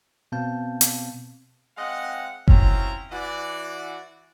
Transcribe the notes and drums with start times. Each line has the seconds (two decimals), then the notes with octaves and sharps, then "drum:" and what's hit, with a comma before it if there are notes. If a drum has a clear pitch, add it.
0.32 B2 B3 C4 F5 A5 G6
0.81 drum: hi-hat
1.78 G#3 C4 D#5 F5 F#5
2.48 F#3 C4 C#4 E4 F4 A#5, drum: kick F#1
3.12 E3 F#4 D5